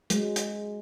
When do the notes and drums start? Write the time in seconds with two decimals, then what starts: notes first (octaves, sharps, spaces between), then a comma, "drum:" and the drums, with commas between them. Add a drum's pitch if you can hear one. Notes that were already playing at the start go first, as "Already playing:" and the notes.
0.10 F#3 G#3, drum: hi-hat
0.36 drum: hi-hat